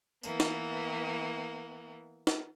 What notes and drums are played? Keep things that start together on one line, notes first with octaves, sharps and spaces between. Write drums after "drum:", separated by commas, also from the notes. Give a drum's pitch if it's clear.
E3 A#3 B3, drum: tambourine
drum: snare
drum: snare